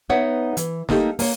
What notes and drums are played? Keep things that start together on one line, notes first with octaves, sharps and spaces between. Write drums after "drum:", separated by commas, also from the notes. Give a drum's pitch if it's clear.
B3 D#4 B4 C#5 E5 F#5
E3, drum: hi-hat
A3 A#3 D#4 G4 A4, drum: snare
A#3 C#5, drum: open hi-hat